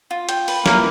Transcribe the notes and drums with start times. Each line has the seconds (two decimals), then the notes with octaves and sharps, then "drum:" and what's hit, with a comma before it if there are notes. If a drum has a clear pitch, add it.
0.11 F4
0.29 G5, drum: hi-hat
0.48 B4, drum: open hi-hat
0.66 A#3 E4, drum: snare